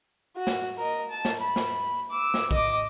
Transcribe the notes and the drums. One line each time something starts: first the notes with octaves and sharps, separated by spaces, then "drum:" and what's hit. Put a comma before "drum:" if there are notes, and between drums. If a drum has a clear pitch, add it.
F#4
drum: snare
A#4 D#5
A5
drum: snare
B5
drum: snare
D6 E6
drum: snare
D#5 D6, drum: kick A#1